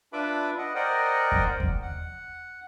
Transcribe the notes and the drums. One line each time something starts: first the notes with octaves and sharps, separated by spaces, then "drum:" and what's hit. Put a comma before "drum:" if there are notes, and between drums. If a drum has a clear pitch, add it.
D4 F4 B4 E5 B5 D6
D#5 F#5
A#4 C5 D5 D#5 F#5 G5
drum: kick E2
drum: kick E2
F#5